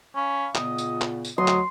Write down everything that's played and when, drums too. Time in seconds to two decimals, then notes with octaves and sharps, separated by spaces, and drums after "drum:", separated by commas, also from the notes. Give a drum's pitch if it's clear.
0.16 C#4 F5 B5 C#6
0.55 A#2 C#3 B3 D#5, drum: clap
0.78 drum: tambourine
1.01 drum: clap
1.25 drum: tambourine
1.38 D2 D3 F#3 D#5 C6
1.48 drum: clap